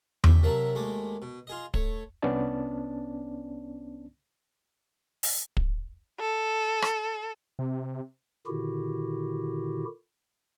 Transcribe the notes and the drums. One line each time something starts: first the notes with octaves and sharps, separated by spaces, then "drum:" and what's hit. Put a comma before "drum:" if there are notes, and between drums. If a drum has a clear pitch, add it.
C#3 E5 G5 D6, drum: tom E2
C3 F#3 A#3 E5 A5
D#2 G#3 A3 D6
B2
F4 G#4 D#5
A3 C#5, drum: kick
C2 B3 C#4 D4 D5 A5
drum: open hi-hat
drum: kick
A4
drum: rim click
C3
A#2 D3 D#3 E4 F#4 G4